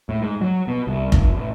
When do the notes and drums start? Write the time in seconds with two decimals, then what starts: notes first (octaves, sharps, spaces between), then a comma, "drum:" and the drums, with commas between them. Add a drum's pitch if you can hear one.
0.09 A2
0.22 G#2
0.41 F#3
0.67 B2
0.87 C2
1.12 F1, drum: kick F1
1.36 A1